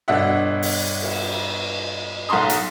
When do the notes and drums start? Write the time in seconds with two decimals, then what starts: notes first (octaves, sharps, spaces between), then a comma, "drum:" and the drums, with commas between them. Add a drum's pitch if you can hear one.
0.08 G1 B2 D4 E5 F#5
0.62 drum: open hi-hat
1.02 drum: cymbal
2.29 B1 F#5 A#5 C6 D#6
2.50 drum: hi-hat